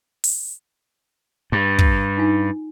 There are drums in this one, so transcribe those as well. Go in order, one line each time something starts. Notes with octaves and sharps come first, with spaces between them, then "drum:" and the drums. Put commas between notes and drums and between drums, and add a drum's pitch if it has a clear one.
drum: open hi-hat
G2
drum: kick
D#4 F4 G#5